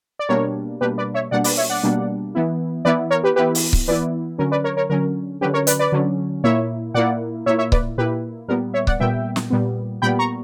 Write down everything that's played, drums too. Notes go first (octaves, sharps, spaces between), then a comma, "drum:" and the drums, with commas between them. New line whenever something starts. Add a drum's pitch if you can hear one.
D5
B2 G3 A#3 D4 A#4 C#5
B2 G3 A#3 D4 G4 B4
B4 D5
C#5 E5
B2 G3 A#3 D4 D5 F#5
B4 D5, drum: open hi-hat
C#5 E5
D5 F#5
B2 G3 A#3 D4
E3 B3 E4
E3 B3 E4 B4 D5
A#4 C#5
G4 B4
E3 B3 E4 G4 B4
drum: open hi-hat
drum: kick C#1
E3 B3 E4 B4 D5
D3 F#3 C#4 A#4
B4 D5
A#4 C#5
A#4 C#5
D3 F#3 C#4 A#4
D3 F#3 C#4 G4 B4
A#4 C#5
B4 D5, drum: hi-hat
B4 D5
D3 F#3 C#4
A#2 A#3 E4 C#5 E5
A#2 A#3 E4 D5 F#5
A#2 A#3 E4 C#5 E5
C#5 E5
B4 D5, drum: kick C#1
A#2 A#3 E4 G4 B4
A#2 G3 B3 A#4
C#5 E5
D5 F#5, drum: kick C#1
A#2 G3 B3 E5 G5
drum: snare
A#2 G3 B3
A#2 G3 B3 G5 B5
A#5 C#6